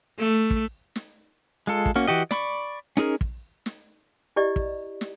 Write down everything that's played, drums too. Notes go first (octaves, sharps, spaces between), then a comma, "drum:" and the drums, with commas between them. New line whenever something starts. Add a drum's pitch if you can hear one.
A3
drum: kick
drum: snare
G#3 F4 A4
drum: kick
A#3 C#4 F#4
E3 F#4 G4 D#5
D5 B5 C#6, drum: snare
C#4 D#4 G#4 A#4, drum: snare
drum: kick
drum: snare
E4 G4 D5 D#5
drum: kick
drum: snare